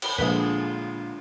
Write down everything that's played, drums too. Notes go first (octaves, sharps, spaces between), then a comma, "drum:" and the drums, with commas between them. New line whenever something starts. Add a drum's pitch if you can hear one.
drum: cymbal
A#1 A#2 D3 G#3 F4 G#4 B4